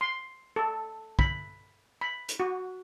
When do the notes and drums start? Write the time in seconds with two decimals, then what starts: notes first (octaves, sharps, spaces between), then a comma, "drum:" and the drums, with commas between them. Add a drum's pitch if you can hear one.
0.01 C6
0.56 A4
1.19 B5, drum: kick
2.01 B5
2.29 drum: hi-hat
2.40 F#4